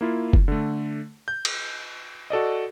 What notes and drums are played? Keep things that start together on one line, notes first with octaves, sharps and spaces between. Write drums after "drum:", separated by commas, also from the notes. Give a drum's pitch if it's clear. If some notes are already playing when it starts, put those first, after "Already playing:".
A#3 E4 F4
drum: kick F#1
D3 A3
G6
drum: cymbal
F#4 A4 D5 D#5